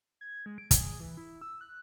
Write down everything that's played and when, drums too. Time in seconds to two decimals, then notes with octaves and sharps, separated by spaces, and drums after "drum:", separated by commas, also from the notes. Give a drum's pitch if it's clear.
0.21 G#6
0.46 G#3
0.58 D7
0.71 G#4, drum: kick, hi-hat
1.00 E3
1.17 E4
1.41 E6
1.61 F#6